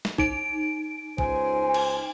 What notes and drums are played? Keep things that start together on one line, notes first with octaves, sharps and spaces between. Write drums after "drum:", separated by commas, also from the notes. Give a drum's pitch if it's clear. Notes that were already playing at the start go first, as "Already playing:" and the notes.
drum: snare
D#4 D7, drum: kick A1
C#2 C5 G#5, drum: kick A1
drum: cymbal